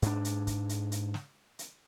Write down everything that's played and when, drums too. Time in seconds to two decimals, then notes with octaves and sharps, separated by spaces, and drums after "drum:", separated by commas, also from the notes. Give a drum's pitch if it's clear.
0.02 G#2 D4, drum: hi-hat
0.25 drum: hi-hat
0.47 drum: kick, hi-hat
0.69 drum: hi-hat
0.92 drum: hi-hat
1.14 drum: snare
1.59 drum: hi-hat